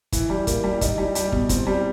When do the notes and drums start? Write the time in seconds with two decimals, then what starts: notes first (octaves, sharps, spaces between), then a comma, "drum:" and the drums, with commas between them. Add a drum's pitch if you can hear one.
0.12 E3, drum: kick, hi-hat
0.30 G3
0.47 A#3, drum: kick, hi-hat
0.64 G3
0.81 D#4, drum: kick, hi-hat
0.98 G3
1.15 G3, drum: hi-hat
1.32 B2, drum: kick
1.49 C4, drum: kick, hi-hat
1.67 G3